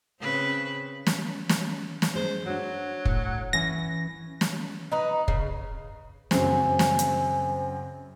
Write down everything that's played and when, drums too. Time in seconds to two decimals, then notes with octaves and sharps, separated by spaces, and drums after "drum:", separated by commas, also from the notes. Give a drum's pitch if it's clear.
0.20 C#3 C4 B4
1.07 drum: snare
1.49 drum: snare
2.02 drum: snare
2.15 G#3 C5
2.46 F#3 D4 F#4
3.05 A2, drum: kick
3.53 E3 C#4 G#5 A#6
4.41 drum: snare
4.92 D#4 B4
5.28 C#3, drum: kick
6.31 F#2 C#3 C4 C5 G#5, drum: snare
6.79 drum: snare
6.99 drum: hi-hat